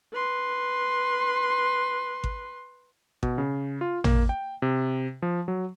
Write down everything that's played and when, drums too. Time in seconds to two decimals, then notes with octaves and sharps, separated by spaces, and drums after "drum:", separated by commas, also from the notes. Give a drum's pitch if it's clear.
0.13 B4 C6
2.24 drum: kick G#1
3.23 B2, drum: kick G#1
3.38 C#3
3.81 F4
4.04 A#3, drum: tom
4.29 G5
4.62 C3
5.22 F3
5.48 F#3